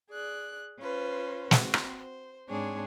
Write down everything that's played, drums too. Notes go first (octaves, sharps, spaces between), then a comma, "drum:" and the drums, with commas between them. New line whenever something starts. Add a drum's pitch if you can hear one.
G#4 D5 F#6
C#4 F4 B4 C5
C4 F#4, drum: snare
drum: rim click
C5
G#2 G#3 C4 D4 G#4 C#5